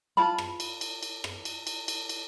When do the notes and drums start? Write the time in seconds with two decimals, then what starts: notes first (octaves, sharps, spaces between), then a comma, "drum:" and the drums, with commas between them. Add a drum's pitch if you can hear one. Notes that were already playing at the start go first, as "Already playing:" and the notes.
0.17 F4 A5 B5
0.38 drum: rim click
0.60 drum: cymbal
0.81 drum: cymbal
1.03 drum: cymbal
1.24 drum: rim click
1.45 drum: cymbal
1.67 drum: cymbal
1.88 drum: cymbal
2.09 drum: cymbal